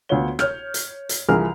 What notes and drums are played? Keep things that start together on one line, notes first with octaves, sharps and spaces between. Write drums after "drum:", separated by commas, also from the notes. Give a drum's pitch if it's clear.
D2 B3 F4 C#5 G7
C#5 F6 G6, drum: rim click
drum: hi-hat
drum: hi-hat
C2 E3 F3 G#4 A#4 F6